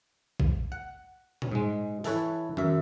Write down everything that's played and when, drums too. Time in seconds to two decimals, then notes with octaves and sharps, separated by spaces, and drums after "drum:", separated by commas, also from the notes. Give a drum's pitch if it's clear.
0.40 drum: kick
0.72 F#5
1.42 drum: tom A#2
1.51 G#2 G#3
2.04 E3 A4 B4 C#5, drum: open hi-hat
2.57 F#2 E5, drum: tom D#3